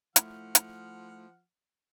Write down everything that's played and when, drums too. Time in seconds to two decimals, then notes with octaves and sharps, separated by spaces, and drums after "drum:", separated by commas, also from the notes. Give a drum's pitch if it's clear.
0.16 F3 A3 E4 F#5 F6, drum: hi-hat
0.55 drum: hi-hat